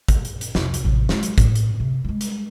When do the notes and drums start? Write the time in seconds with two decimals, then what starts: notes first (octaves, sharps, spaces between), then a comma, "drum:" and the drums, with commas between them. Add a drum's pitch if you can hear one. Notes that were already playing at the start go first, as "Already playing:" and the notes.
0.08 drum: kick, hi-hat
0.25 drum: hi-hat
0.41 drum: hi-hat
0.55 C2 F2, drum: snare
0.74 drum: hi-hat
0.84 A1 C3
1.09 F#3 G#3, drum: snare
1.23 drum: hi-hat
1.38 A2, drum: kick, hi-hat
1.55 drum: hi-hat
1.80 C3
2.04 G3 G#3
2.21 drum: hi-hat